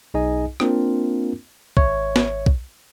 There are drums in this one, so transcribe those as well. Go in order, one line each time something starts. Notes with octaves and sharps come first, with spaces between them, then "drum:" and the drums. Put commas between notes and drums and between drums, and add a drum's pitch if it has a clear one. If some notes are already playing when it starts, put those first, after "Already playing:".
B1 D#4 G#4 D#5 G#5
A#3 C4 D4 F4 A#4, drum: rim click
G#1 C#5 E5 C#6, drum: kick
drum: snare
drum: kick